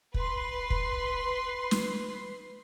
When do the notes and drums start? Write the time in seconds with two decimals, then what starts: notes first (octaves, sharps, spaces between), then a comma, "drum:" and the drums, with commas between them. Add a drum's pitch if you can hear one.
0.14 B4 C6, drum: kick
0.70 drum: kick
1.71 drum: snare